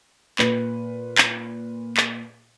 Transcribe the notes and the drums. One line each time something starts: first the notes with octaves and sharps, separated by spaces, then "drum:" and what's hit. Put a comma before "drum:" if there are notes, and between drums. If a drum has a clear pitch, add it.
A#2 B4, drum: clap
drum: clap
drum: clap